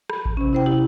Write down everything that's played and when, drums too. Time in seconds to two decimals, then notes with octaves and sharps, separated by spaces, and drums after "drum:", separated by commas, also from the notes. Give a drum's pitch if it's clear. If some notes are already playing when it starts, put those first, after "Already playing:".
0.10 B5, drum: rim click
0.25 drum: kick A1
0.37 C3 C#4
0.53 E4 C5 G5
0.66 E4 G4